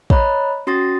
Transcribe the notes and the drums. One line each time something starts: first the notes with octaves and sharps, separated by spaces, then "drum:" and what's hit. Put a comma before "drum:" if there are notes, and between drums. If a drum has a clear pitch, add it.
C#5 D#5 A#5 B5 F#6, drum: kick
C#4 F#4 C6 D#6 A6 A#6